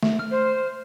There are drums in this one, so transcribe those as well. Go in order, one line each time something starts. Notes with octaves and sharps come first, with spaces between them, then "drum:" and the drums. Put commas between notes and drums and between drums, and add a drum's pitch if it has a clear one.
A3, drum: snare
F6
C5